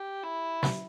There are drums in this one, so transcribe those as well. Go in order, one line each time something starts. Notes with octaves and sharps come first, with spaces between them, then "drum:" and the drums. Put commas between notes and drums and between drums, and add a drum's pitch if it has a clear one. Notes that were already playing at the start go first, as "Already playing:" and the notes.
Already playing: G4
E4
drum: snare